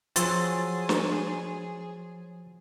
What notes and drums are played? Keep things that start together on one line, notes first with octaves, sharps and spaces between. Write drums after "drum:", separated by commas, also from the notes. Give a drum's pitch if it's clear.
F3 F#3 G#4 C5 C6 E6 A6, drum: hi-hat
drum: snare